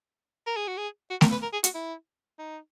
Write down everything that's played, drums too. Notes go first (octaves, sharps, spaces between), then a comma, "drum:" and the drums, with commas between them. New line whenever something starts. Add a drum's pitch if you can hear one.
A#4
G#4
F#4
G#4
F#4
A#4, drum: snare A3
B4
A#4
G#4
F#4, drum: hi-hat
E4
D#4